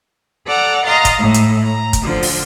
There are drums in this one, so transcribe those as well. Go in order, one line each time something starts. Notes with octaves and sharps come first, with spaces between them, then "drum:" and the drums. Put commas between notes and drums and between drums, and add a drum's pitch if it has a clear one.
A4 D5 F#5 A#5
D#5 F5 A#5 C6 A6
drum: kick, hi-hat
A2
drum: hi-hat
A#5
drum: kick, hi-hat
D3 F3
drum: open hi-hat